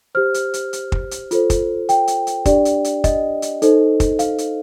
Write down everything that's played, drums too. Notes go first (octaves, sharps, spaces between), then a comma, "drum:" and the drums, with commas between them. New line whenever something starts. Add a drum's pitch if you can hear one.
G4 C5 F6
drum: hi-hat
drum: hi-hat
drum: hi-hat
drum: kick
drum: hi-hat
F4 A4 C5, drum: hi-hat
drum: kick, hi-hat
G5, drum: hi-hat
drum: hi-hat
drum: hi-hat
D4 G4 D5, drum: kick, hi-hat
drum: hi-hat
drum: hi-hat
D#5, drum: kick, hi-hat
drum: hi-hat
D#4 A4 C5, drum: hi-hat
drum: kick, hi-hat
F5, drum: hi-hat
drum: hi-hat